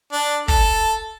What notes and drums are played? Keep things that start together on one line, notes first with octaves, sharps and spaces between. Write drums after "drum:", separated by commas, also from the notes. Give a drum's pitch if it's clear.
D4
A4, drum: kick